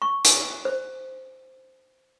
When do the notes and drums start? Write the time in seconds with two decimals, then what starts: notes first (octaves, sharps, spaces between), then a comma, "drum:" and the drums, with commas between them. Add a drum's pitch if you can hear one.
0.02 C#6
0.25 drum: hi-hat
0.65 C5